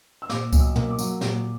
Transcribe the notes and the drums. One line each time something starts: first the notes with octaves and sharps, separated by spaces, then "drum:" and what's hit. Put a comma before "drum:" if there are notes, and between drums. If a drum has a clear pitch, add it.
E6
A#2 D6, drum: snare
B1, drum: kick C#2, tambourine
E6
A#3, drum: tom
D6
F#3, drum: tambourine
A#2, drum: snare